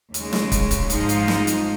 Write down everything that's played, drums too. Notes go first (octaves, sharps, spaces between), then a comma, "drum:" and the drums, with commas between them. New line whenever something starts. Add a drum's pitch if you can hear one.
D#2 C#3 G#3, drum: hi-hat
drum: snare
drum: kick, hi-hat
drum: kick, hi-hat
G#2 F3 G#3 D#4, drum: hi-hat
drum: hi-hat
drum: snare
drum: hi-hat